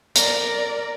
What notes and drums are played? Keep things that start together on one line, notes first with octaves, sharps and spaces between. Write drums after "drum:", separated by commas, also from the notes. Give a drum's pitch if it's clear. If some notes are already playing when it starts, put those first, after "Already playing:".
A#4 D5, drum: hi-hat